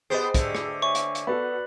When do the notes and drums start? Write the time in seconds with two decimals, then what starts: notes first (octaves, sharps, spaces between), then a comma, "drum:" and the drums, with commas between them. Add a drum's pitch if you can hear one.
0.10 B3 G4 G#4 B4 C5 D#5
0.34 D3 A3, drum: kick, hi-hat
0.55 drum: rim click
0.82 C#5 E5 G#5 C#6
0.95 drum: hi-hat
1.15 drum: hi-hat
1.27 B3 F#4 A4 B4 D5 B5